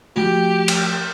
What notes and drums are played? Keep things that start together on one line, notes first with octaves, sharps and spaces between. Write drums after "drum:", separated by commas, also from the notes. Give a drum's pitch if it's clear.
F3 A3 F#4 G4
drum: cymbal